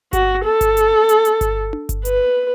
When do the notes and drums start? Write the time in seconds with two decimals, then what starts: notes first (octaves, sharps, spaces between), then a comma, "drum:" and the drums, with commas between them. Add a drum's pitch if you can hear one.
0.13 F#4, drum: kick G1, hi-hat
0.45 A4
0.61 drum: kick G1, hi-hat
0.77 drum: hi-hat
1.09 drum: hi-hat
1.25 drum: hi-hat
1.41 drum: kick G1, hi-hat
1.73 drum: tom D4
1.89 drum: kick G1, hi-hat
2.05 B4, drum: hi-hat